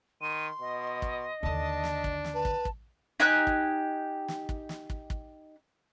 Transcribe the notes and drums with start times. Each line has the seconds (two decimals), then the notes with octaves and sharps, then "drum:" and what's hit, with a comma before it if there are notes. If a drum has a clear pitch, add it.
0.21 D#3 C6 D#7
0.61 B2 D#5
1.02 drum: kick
1.43 D#2 D3 D4 A5
1.84 drum: snare
2.04 drum: kick
2.24 drum: snare
2.34 B4 A5
2.45 drum: kick
2.65 drum: kick
3.20 D#4 G4 G#5 F#6
3.47 drum: kick
4.28 drum: snare
4.49 drum: kick
4.69 drum: snare
4.90 drum: kick
5.10 drum: kick